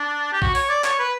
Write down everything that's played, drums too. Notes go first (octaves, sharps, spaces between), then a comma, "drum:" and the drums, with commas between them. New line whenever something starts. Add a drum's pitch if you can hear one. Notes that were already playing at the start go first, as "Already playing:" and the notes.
Already playing: D4
G4
F#4, drum: kick A#1
C#5, drum: open hi-hat
D5
C#5, drum: clap
B4